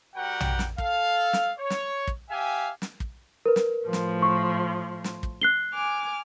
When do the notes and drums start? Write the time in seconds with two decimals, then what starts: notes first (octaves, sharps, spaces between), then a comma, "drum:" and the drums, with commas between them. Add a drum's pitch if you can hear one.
0.16 G3 F#4 A#4 F#5 G5
0.40 drum: tom A#1
0.59 drum: snare
0.78 A4 F5, drum: kick
1.33 drum: snare
1.58 C#5
1.70 drum: snare
2.07 drum: kick
2.30 G4 E5 F5 G#5
2.82 drum: snare
3.00 drum: kick
3.46 A#4 B4
3.56 drum: snare
3.84 A2 F3
3.93 drum: snare
4.22 C#6
5.04 drum: snare
5.23 drum: kick
5.42 F#6 C7 G7
5.73 G#5 D6 F6